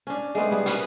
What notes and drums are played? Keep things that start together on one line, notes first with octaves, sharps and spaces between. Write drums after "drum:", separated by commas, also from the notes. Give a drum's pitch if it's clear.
C#4 D4
G#3 A3 B3 C4
G3 B3 G#4
C#4 G#4 A#4 B4, drum: hi-hat